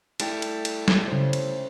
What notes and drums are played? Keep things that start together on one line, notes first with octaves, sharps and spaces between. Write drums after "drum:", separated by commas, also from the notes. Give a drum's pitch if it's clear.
G3 A3 E4, drum: cymbal
drum: cymbal
drum: cymbal
drum: snare
C#3 C5
drum: cymbal